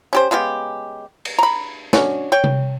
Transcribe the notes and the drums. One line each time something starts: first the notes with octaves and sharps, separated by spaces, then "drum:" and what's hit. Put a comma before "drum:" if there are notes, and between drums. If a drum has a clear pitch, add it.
C#4 G4 C5
C#3 G#3 B3 G4
drum: cymbal
A#5 B5
C#4 D4 F#4, drum: snare
C#5 G5
drum: tom C3